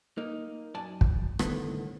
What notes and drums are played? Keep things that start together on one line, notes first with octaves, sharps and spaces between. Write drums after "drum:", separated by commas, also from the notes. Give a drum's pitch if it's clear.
A#3 D#4
F#2 D5 G#5 A5
drum: kick
C2 A2 D3 D#3 B3, drum: rim click